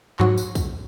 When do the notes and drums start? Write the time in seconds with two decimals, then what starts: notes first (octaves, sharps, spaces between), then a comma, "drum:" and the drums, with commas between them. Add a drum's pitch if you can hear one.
0.19 G#2 F#3 F#4, drum: clap
0.38 drum: tambourine
0.55 drum: kick, tambourine